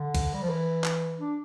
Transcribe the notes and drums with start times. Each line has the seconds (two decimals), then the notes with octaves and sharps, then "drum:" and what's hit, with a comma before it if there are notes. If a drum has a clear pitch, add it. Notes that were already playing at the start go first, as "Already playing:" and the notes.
Already playing: D3
0.15 drum: kick, cymbal
0.34 G3
0.42 F3
0.49 E3
0.84 drum: clap
1.19 D4